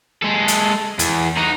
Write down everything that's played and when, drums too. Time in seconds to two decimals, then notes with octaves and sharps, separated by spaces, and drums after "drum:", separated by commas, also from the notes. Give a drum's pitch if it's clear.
0.23 G#3 A4
0.48 drum: hi-hat
0.99 E2, drum: hi-hat
1.37 D#4 F#4